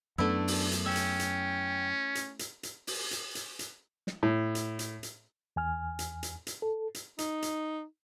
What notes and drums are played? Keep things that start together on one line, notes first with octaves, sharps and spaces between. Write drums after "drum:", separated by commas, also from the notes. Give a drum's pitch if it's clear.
F#2 A3 B3 D4 E4
drum: open hi-hat
drum: hi-hat
C#4 E5 G5
drum: hi-hat
drum: hi-hat
drum: hi-hat
drum: hi-hat
drum: hi-hat
drum: open hi-hat
drum: hi-hat
drum: hi-hat
drum: hi-hat
drum: snare
A2
drum: hi-hat
drum: hi-hat
drum: hi-hat
E2 G#5 F6
drum: hi-hat
drum: hi-hat
drum: hi-hat
A4
drum: hi-hat
D#4, drum: hi-hat
drum: hi-hat